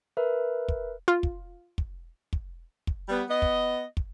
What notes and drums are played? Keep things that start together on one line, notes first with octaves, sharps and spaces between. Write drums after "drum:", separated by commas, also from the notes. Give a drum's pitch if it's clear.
A#4 B4 E5
drum: kick
F4
drum: kick
drum: kick
drum: kick
drum: kick
G3 B3
B3 D#5
drum: kick
drum: kick